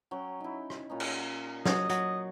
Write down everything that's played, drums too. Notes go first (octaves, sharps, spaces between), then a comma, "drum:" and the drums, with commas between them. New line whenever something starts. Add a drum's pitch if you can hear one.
F#3 C#4 G5
D#4 E4
drum: rim click
A#2 C#4 D#4
drum: cymbal
F#3 D#5, drum: snare
F#3, drum: hi-hat